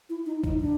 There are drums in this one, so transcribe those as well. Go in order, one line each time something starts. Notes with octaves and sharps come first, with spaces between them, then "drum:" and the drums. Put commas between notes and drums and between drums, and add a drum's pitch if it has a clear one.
E4
D#4
D#4, drum: kick
D4